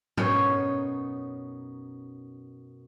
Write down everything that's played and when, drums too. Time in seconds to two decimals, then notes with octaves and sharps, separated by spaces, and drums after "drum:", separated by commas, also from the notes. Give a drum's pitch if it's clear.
0.17 F#2 B2 C#4 D#4 C#5, drum: tom